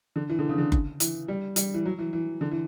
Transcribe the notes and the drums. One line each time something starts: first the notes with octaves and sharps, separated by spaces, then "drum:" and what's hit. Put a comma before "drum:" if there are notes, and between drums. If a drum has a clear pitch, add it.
D3
E3
D3
C#3
D3
drum: kick F#1
E3, drum: hi-hat
G3
G3, drum: hi-hat
E3
F#3
E3
E3
D3
E3